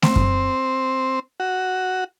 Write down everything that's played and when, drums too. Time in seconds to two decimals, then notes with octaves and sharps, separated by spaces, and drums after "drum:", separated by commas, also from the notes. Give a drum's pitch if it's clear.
0.02 C4, drum: snare A3
0.16 drum: kick F#2
1.40 F#4